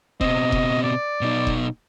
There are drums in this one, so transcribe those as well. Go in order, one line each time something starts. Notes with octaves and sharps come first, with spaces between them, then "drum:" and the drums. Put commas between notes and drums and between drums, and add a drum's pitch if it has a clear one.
B2 C4 D#5, drum: kick E1
drum: kick E1
D5
B2 D#4
drum: kick E1